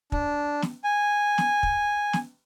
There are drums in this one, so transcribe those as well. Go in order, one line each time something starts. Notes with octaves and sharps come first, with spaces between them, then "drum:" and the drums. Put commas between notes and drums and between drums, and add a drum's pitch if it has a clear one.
D4, drum: kick
drum: snare
G#5
drum: snare
drum: kick
drum: snare